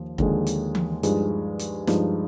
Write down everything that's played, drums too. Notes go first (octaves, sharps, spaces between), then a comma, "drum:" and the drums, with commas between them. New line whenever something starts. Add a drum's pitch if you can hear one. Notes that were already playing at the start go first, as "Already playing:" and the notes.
Already playing: D#2 F3
D#2 D3 F3 G#3, drum: kick F1
drum: hi-hat
drum: tom E3
G2 F3 G#3 D#4, drum: hi-hat
drum: hi-hat
G2 F3 G#3 D#4, drum: snare